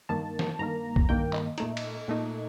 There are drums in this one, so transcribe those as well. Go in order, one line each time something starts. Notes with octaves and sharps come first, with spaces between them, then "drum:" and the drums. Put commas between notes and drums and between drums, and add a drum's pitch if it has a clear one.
G2 D#3 A#3 A5
drum: snare
G2 D#3 A#3 A#5
drum: kick B1
G2 D#3 A#3 G5
D#5, drum: clap
A#2 A3 D#4, drum: hi-hat
drum: cymbal
A#2 A3 D#4